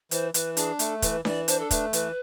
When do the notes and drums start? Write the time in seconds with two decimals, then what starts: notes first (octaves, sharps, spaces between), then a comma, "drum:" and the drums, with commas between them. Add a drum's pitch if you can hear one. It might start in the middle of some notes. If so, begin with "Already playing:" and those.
0.11 E3 C5, drum: hi-hat
0.34 E3 B4, drum: hi-hat
0.57 D4 G#4, drum: hi-hat
0.79 A3 A4, drum: hi-hat
1.02 E3 B4, drum: kick, hi-hat
1.25 E3 D5, drum: snare D4
1.48 D4 C5, drum: hi-hat
1.59 A4
1.71 A3 B4, drum: kick, hi-hat
1.93 E3 B4, drum: hi-hat